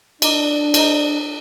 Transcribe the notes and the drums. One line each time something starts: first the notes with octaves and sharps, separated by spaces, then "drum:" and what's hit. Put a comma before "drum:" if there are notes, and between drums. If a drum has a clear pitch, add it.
D4 D#5 A#5 D6, drum: cymbal
G#4 C5 D#5 A#5, drum: cymbal